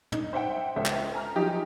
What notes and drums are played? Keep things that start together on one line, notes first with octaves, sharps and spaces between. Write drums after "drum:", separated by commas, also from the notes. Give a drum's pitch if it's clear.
D#4, drum: tom
C5 E5 F#5 G5
C#2 A4 C5 E5
drum: clap
G#5 A#5 F6
F3 F#3 D#4 G4 D#5